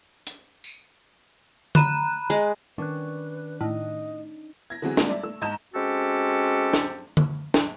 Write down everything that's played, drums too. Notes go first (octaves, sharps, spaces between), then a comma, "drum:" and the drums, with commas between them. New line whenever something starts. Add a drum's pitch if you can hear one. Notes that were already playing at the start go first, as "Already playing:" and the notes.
drum: hi-hat
drum: tambourine
A#5 B5 F#6, drum: tom D3
G#3
D#3 C#4 D4 B4 F#6
A2 D#4 D#5
G#6 A#6
D3 E3 F#3 C4 G#4
F3 G3 G#3 A#3 C4 D4, drum: snare
D5 E5
A3 E6
G#2 D#5 A5 A#5 G6 E7
G#3 C4 C#4 F#4 G4 A4
drum: snare
drum: tom D3
drum: snare